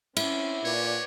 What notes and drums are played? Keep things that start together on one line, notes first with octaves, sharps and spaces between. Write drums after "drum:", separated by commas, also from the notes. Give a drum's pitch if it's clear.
C4 C#4 E4, drum: cymbal
A#2 B4 C#5 D5